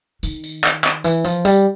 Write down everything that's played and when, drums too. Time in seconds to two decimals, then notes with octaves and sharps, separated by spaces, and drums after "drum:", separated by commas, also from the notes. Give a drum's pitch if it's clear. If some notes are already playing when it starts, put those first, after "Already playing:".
0.23 D#3, drum: tambourine
0.44 drum: tambourine
0.64 drum: clap
0.84 drum: clap
1.04 E3, drum: tambourine
1.24 F3, drum: tambourine
1.45 G3, drum: tambourine